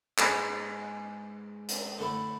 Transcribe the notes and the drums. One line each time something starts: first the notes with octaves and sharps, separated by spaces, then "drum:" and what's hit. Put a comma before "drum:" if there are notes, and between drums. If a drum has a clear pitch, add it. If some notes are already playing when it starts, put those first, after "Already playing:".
G#2 G#3 C#4 G#4 B4, drum: clap
drum: hi-hat
D3 A3 E4